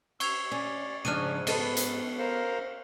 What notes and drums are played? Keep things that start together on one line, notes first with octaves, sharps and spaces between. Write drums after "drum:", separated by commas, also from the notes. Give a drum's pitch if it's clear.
C#6 E6 G#6 F7, drum: cymbal
C#4 D5
G#2 C#3 F3 D4 F6 F#6 D#7
B3 A4 D#5, drum: cymbal
drum: hi-hat
A#4 C5 F5